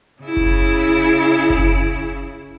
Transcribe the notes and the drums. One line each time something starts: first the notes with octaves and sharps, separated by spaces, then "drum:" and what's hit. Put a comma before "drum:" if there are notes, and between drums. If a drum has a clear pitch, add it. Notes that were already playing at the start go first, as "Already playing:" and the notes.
C#3 E4
drum: kick F#1
drum: kick F#1